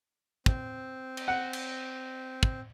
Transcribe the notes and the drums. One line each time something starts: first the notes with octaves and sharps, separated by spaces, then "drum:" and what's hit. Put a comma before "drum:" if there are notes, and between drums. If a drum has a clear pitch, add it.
C4, drum: kick
drum: cymbal
F#5
drum: cymbal
drum: kick